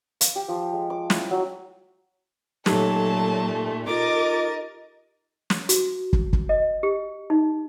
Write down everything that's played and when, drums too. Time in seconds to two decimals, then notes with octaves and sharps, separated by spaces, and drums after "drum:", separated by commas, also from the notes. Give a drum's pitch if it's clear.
0.21 F5, drum: hi-hat
0.36 G4
0.48 F3
0.73 G#3
0.90 D6
1.10 E4, drum: snare
1.31 F#3
2.66 A#2 F#3 A3 D#4 G4 A4 A5, drum: snare
3.87 F4 A#4 D#5 D6 A6
5.50 drum: snare
5.69 F#4, drum: hi-hat
6.13 drum: kick
6.33 drum: kick
6.49 D#5
6.83 G4
7.30 D#4